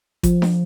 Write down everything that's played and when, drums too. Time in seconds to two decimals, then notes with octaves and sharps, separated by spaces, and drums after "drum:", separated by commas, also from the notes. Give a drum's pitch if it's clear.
0.23 F3, drum: kick G#1, hi-hat
0.42 drum: snare D4